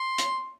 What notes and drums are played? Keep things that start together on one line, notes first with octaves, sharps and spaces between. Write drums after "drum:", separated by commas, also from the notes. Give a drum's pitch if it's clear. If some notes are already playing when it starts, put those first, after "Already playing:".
Already playing: C6
drum: hi-hat